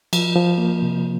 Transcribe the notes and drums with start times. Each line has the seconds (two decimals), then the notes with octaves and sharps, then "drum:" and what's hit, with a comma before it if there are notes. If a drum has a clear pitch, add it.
0.13 F3, drum: cymbal
0.36 F3
0.58 A#3
0.82 C3